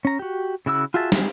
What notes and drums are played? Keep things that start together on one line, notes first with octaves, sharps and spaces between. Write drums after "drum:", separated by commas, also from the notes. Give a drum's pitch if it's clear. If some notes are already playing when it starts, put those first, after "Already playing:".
C#4 A#5
F#4 G4
C#3 E4 F#4 E6
F4 F#4 G#4 E5 A5
G3 C4 G#4, drum: snare